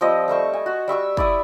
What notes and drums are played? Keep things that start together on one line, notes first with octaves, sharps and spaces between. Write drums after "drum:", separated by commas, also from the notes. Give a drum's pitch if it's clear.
F3 G3 C4 D#5
G3 A3 C5 C#6
G#5
F#4
G3 E5 C#6 E6
E4 D5 E5 D#6, drum: kick